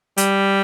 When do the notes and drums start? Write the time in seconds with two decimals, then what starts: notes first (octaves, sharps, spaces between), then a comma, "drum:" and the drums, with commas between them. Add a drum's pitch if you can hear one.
0.18 G3, drum: hi-hat